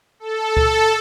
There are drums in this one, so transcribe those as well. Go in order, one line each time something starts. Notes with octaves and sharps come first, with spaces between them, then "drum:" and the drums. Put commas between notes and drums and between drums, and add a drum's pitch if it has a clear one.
A4
drum: kick C#2